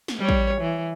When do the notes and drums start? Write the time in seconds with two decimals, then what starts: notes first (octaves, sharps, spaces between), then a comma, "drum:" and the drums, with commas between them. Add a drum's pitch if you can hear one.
0.08 drum: snare
0.19 G3 C#5
0.29 drum: kick
0.61 E3